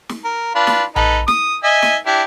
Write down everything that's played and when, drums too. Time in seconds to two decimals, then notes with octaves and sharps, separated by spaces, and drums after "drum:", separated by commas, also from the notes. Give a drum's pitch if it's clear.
0.09 drum: snare
0.25 A#4
0.55 D4 F4 B4
0.67 drum: snare
0.96 D#4 A4 B4, drum: tom A#1
1.28 D#6, drum: snare
1.64 D#5 E5 G#5
1.82 drum: snare
2.06 D4 E4 G4